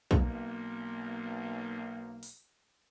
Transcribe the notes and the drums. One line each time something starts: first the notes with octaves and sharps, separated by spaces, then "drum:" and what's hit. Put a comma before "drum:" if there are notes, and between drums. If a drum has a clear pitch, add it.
B1 A#3, drum: kick
drum: open hi-hat